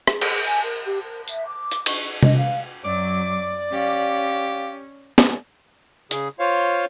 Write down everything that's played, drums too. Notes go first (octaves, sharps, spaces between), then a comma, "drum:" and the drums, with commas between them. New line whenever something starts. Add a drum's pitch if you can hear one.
G#4, drum: rim click
drum: cymbal
G#5
A#4
G4
A#4
E5, drum: tambourine
D6
drum: hi-hat
C#6, drum: cymbal
D#5, drum: tom C3
F5
F#2 F#3 D5 D6
C#4 G4 F5
drum: snare
C#3 G#4, drum: hi-hat
F4 C5 C#5 F5